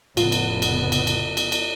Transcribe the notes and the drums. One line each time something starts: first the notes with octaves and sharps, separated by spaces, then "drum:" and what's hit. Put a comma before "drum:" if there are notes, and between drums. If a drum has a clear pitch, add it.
F1 A2 C#3 B3 F4, drum: cymbal
drum: cymbal
drum: cymbal
drum: cymbal
drum: cymbal
drum: cymbal
drum: cymbal